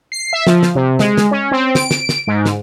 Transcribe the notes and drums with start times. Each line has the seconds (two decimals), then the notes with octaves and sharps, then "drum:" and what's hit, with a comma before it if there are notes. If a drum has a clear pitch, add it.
0.12 C7
0.33 E5
0.47 F3, drum: snare
0.63 drum: snare
0.75 C3
0.99 G#3, drum: snare
1.18 drum: snare
1.31 C#4
1.51 C4
1.75 D7, drum: snare
1.91 drum: snare
2.09 drum: snare
2.27 G#2
2.46 drum: snare